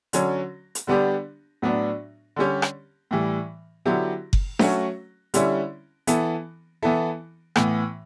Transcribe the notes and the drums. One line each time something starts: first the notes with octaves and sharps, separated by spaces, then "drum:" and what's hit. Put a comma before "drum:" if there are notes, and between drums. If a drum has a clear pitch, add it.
D3 F#3 C#4, drum: hi-hat
drum: hi-hat
D3 G3 B3 D4 G4
A2 F#3 B3 D4
D3 G3 C#4 G4
drum: rim click
A2 E3 G3
D3 F#3 B3 E4 G4
drum: kick F#1
F#3 A3 C#4 F#4, drum: snare D4
D3 G3 C#4 E4, drum: hi-hat
E3 B3 E4 A4, drum: hi-hat
E3 B3 E4 A4
A2 E3 B3, drum: rim click